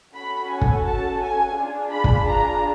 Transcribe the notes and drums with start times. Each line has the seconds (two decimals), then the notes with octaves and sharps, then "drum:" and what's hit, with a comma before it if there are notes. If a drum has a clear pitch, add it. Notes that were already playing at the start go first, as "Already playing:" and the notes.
0.13 C#4 F#4 A4 B5
0.50 G#5
0.61 drum: kick
0.85 A5
1.21 G#5
1.57 D4 F4 G#4
1.92 B5
2.04 drum: kick
2.28 A#5